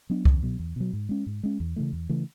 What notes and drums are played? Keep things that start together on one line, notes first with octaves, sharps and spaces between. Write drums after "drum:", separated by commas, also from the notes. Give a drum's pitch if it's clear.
F#3 B3 D4
E2, drum: kick C2
B2 F#3
E2
B2 F#3
G#2
G#3 C#4
G#2
G#3 C#4
E2
C#3 E3 A3
E2
C#3 E3 A3